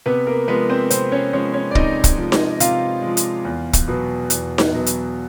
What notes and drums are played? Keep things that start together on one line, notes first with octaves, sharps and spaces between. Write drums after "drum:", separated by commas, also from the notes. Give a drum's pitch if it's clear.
C3 B3 B4
A#3 A#4
F3 G#3 B3 B4
C4 C5
C3 C4 C5, drum: hi-hat
C#4 C#5
F3 G#3 C#4 C#5
C#4 C#5
D5
C3 D#4 D#5, drum: kick
drum: kick, hi-hat
F3 G#3
drum: snare D#4
C3 F4 F5, drum: hi-hat
F3 G#3
drum: hi-hat
E2
drum: kick, hi-hat
B2 F#3 B3
E2, drum: hi-hat
drum: snare D#4
B2 F#3 B3
drum: hi-hat